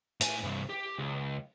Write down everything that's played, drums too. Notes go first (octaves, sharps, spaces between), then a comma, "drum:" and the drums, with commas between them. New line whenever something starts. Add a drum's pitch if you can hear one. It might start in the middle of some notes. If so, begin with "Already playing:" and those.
A2 G#5, drum: hi-hat
C2 G2
G4
C#2